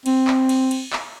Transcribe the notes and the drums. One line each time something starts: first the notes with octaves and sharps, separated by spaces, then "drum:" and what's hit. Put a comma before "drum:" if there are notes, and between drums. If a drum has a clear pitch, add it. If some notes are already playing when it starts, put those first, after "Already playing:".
C4, drum: cymbal
drum: clap
drum: cymbal
drum: cymbal
drum: clap